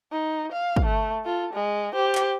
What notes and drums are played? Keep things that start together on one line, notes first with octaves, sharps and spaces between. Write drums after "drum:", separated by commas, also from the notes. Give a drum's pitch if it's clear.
D#4
F5
drum: kick
A3
F4 A4
G#3
G4 C5
drum: clap